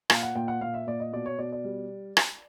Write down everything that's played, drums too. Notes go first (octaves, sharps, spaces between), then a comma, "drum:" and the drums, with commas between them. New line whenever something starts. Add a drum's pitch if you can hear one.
A#2 F5, drum: rim click
F#5
A#2 G5
F#5
A#2 F5
E5
A#2 D5
D#5
B2 D5
C#5
B2 D5
D5
G3
drum: rim click